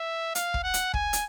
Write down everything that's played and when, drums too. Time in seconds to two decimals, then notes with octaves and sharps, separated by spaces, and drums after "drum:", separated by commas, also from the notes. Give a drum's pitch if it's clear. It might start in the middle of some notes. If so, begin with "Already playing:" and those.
Already playing: E5
0.35 F5, drum: hi-hat
0.54 drum: kick
0.63 F#5
0.74 drum: hi-hat
0.94 G#5, drum: kick
1.13 drum: hi-hat